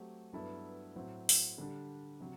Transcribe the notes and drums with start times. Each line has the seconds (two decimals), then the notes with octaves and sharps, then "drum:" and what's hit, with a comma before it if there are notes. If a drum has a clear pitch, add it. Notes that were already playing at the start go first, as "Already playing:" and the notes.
Already playing: F#3 A3 C4 G4
0.33 G2 F#3 B3 E4 A4
0.96 A2 F#3 C4
1.29 drum: open hi-hat
1.58 D3 G3 D4
2.20 C3 F#3